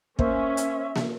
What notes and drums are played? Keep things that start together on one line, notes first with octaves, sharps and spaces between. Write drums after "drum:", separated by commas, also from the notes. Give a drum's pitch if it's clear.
A#3 C#4 C5 E5, drum: kick
drum: hi-hat
drum: snare A#3